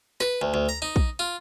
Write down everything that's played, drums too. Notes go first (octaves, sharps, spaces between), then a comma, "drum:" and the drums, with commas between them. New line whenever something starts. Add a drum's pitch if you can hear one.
B4, drum: snare
D2
D2
A#5
D#4
drum: kick
F4